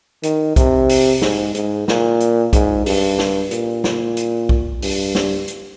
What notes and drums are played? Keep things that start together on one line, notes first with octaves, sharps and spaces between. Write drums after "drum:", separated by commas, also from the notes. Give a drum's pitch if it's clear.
D#3, drum: hi-hat
C3, drum: kick B1, hi-hat
drum: open hi-hat
G#2, drum: snare
G#2, drum: hi-hat
A#2, drum: snare
drum: hi-hat
G#2, drum: kick B1, hi-hat
G2, drum: open hi-hat
drum: snare
A#2, drum: hi-hat
drum: snare
drum: hi-hat
drum: kick B1
G2, drum: open hi-hat
drum: snare
drum: hi-hat